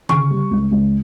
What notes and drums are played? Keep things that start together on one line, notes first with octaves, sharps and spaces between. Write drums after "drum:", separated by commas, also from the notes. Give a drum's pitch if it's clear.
C#3 C#6, drum: tom D3
G3
C#2
C#2